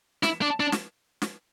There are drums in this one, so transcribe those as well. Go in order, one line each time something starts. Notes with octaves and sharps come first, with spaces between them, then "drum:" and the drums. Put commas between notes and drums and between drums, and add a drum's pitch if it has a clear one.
E4, drum: snare
D4
D4
drum: snare
drum: snare